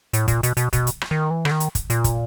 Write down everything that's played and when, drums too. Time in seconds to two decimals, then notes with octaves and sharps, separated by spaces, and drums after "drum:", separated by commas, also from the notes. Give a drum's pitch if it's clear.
0.13 A2, drum: hi-hat
0.28 A#2, drum: kick, hi-hat
0.43 B2, drum: hi-hat
0.57 B2, drum: hi-hat
0.73 B2, drum: kick, hi-hat
0.87 drum: hi-hat
1.01 drum: rim click
1.11 D#3
1.30 E3
1.45 D3, drum: rim click
1.51 D#3
1.60 drum: hi-hat
1.75 drum: kick, hi-hat
1.90 A#2, drum: hi-hat
2.04 drum: kick, hi-hat